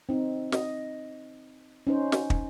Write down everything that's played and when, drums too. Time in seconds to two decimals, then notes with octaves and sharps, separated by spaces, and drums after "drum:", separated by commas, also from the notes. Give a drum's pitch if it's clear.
0.09 C4 D#4
0.52 D#5, drum: snare
1.87 C#4 D#4 C5
2.12 drum: snare
2.30 drum: kick